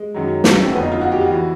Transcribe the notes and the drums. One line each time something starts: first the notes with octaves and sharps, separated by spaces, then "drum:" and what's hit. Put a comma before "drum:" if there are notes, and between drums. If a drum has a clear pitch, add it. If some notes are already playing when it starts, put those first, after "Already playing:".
Already playing: G#3
F#2 D#3 F#3
A3, drum: snare
C#4
C4
F2 D3 F3 B3
D#4
F4
F#4
G4
F#4
E3